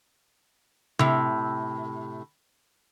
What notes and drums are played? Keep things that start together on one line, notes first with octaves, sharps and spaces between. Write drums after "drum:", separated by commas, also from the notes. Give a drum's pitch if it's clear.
A2 C3, drum: tom C3